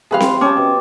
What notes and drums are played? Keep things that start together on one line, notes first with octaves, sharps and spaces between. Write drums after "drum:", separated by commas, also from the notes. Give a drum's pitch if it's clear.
C3 F3 G3 G#4 B4 F5
drum: snare C4
C#4 G#4 G5 A5 D6
B2